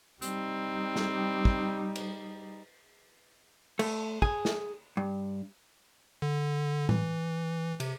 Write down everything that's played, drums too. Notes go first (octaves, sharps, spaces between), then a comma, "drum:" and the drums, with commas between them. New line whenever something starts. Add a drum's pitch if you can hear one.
G3 C4 D#4, drum: hi-hat
drum: snare
drum: kick
drum: cymbal
A3, drum: cymbal
G#4, drum: kick
drum: snare
G2
D3
E3, drum: tom A2
C3, drum: cymbal